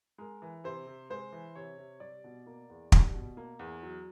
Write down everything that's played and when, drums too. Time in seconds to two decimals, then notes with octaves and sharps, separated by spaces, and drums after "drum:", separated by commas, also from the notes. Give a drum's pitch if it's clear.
0.18 G#3 A#4
0.42 E3
0.64 C3 C5
0.87 C3
1.10 G#3 C5
1.33 E3
1.55 C3 C#5
1.78 C3
2.00 G3 D5
2.24 B2
2.46 A#3
2.70 E2
2.92 G3, drum: kick
3.14 B2
3.37 A#3
3.59 E2
3.83 F#3